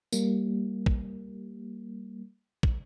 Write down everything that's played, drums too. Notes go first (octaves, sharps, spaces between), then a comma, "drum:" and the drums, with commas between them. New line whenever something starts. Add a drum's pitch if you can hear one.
G3 A#3, drum: tambourine
drum: kick
drum: kick